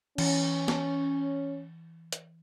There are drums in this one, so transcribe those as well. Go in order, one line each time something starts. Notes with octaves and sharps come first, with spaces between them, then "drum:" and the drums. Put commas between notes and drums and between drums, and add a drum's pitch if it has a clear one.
E3 C#4, drum: cymbal
drum: snare
drum: hi-hat